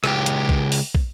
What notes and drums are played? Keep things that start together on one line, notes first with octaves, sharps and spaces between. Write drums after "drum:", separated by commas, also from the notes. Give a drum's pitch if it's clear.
C#2 G4, drum: rim click
drum: hi-hat
drum: kick
drum: open hi-hat
drum: kick